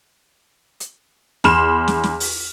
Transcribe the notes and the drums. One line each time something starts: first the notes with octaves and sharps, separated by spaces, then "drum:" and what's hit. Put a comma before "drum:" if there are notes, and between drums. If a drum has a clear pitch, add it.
drum: hi-hat
E2 B5 C6 F6 E7, drum: snare
drum: snare
drum: snare
drum: open hi-hat